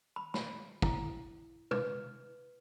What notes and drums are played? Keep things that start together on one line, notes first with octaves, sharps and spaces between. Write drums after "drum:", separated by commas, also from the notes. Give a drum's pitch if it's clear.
B5
B5, drum: snare
E4, drum: kick
B4, drum: tom